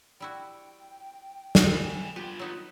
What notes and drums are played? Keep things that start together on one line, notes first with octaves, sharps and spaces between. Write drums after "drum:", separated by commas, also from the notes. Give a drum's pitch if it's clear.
G3 E4 F#4 G5
drum: snare
G#4 B4
G3 B3 F4 G4
F#3 D#4 B4